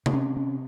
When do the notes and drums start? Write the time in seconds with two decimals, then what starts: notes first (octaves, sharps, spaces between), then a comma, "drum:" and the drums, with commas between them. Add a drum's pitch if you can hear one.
0.06 A#2, drum: tom C3
0.13 C3 C#4
0.37 C#4